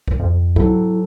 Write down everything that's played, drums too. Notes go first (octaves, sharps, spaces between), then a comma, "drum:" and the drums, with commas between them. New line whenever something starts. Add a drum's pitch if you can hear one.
drum: kick
F2
F#3 C4 E4 A4, drum: kick